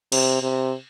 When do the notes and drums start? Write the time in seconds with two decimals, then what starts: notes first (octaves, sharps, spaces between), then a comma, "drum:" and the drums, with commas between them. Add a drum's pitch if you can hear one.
0.12 C3, drum: cymbal
0.42 C3